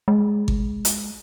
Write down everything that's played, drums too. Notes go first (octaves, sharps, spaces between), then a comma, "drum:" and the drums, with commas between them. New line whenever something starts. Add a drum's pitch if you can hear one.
G#3
drum: kick G#1
drum: hi-hat